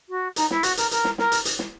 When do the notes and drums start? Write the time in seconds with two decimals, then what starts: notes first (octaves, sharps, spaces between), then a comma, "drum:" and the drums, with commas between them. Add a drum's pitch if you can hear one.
0.09 F#4
0.36 D#4, drum: hi-hat
0.50 E4, drum: snare
0.63 F#4, drum: hi-hat
0.77 A#4, drum: hi-hat
0.91 A#4, drum: hi-hat
1.04 drum: snare
1.18 A#4, drum: snare
1.32 drum: hi-hat
1.45 drum: hi-hat
1.59 drum: snare